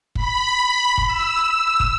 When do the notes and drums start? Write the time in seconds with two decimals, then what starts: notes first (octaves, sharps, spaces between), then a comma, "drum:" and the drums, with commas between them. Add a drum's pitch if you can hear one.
0.15 B5, drum: kick
0.98 drum: kick
1.07 E6
1.80 drum: kick